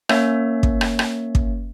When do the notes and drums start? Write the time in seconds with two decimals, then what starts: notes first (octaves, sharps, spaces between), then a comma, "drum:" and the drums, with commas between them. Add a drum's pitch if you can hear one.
0.09 A#3 C#4 C#5 E5, drum: rim click
0.63 drum: kick
0.81 drum: rim click
0.99 drum: rim click
1.35 drum: kick